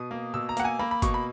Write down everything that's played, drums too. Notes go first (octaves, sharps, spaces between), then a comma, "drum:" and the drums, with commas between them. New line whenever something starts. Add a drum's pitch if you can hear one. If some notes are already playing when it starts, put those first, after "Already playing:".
Already playing: B2 D#6
A#3
B2 E6
A#5
A#3 F#5, drum: hi-hat
G#5
A#3 B5
B5
B2 C#6, drum: kick F#1, hi-hat
B5